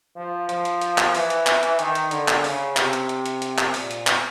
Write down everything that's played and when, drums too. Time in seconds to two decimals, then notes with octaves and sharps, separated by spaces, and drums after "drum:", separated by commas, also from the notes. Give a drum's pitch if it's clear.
0.16 F3
0.49 F3, drum: hi-hat
0.65 drum: hi-hat
0.81 drum: hi-hat
0.98 drum: clap
1.15 E3, drum: open hi-hat
1.30 drum: hi-hat
1.47 drum: clap
1.63 drum: hi-hat
1.79 D#3, drum: hi-hat
1.95 drum: hi-hat
2.11 D3, drum: hi-hat
2.28 drum: clap
2.44 C#3, drum: open hi-hat
2.77 C3, drum: clap
2.93 drum: hi-hat
3.09 drum: hi-hat
3.26 drum: hi-hat
3.42 drum: hi-hat
3.58 drum: clap
3.74 A#2, drum: open hi-hat
3.91 drum: hi-hat
4.07 drum: clap